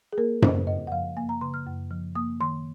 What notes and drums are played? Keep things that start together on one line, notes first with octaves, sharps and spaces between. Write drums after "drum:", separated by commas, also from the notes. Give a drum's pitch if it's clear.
G#4
A#3 A#4
C#3 C5, drum: tom F#2
F#2 D#5
F#5
F3 F5
A#3 G#5
A#5
C#3 C6
F6
F#2
F3
A#3 D#6
D#3 C6